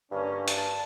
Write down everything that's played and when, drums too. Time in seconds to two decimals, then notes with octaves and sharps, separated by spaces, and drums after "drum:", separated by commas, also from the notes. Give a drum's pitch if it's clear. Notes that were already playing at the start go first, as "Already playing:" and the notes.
0.11 G2 D3 A#3 C#4
0.48 A5, drum: hi-hat